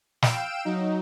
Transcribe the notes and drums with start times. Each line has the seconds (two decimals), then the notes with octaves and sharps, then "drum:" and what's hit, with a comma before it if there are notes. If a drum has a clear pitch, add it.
0.22 F5 G5 E6 D7 E7, drum: snare
0.65 F#3 D#4